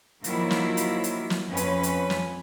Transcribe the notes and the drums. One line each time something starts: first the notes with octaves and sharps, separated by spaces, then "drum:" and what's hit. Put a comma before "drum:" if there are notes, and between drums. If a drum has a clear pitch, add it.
D#3 F3 F#3 A#3 E4, drum: hi-hat
drum: snare
drum: hi-hat
drum: hi-hat
drum: snare
F2 C#4 B4
drum: hi-hat
drum: hi-hat
drum: snare